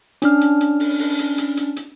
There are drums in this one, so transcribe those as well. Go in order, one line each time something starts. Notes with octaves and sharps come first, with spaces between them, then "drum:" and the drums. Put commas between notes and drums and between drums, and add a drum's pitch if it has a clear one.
C#4 D4 F6, drum: hi-hat
drum: hi-hat
drum: hi-hat
drum: open hi-hat
drum: open hi-hat
drum: hi-hat
drum: hi-hat
drum: hi-hat
drum: hi-hat